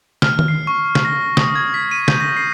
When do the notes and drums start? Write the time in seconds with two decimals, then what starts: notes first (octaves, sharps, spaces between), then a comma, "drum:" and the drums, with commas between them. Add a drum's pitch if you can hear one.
0.22 F6, drum: snare
0.39 drum: tom D#3
0.48 C7
0.67 C#6
0.95 drum: snare
1.05 A#6
1.37 D#6, drum: snare
1.55 G#6
1.74 B6
1.91 D#7
2.08 G6, drum: snare
2.20 A#6
2.37 C7